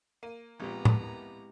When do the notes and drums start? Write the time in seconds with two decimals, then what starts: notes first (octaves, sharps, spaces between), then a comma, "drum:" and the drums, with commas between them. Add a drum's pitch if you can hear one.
0.23 A#3 D#7
0.60 A#1 A#2 G#3 B3 C4 G4 A#5
0.85 drum: tom A2
1.01 E4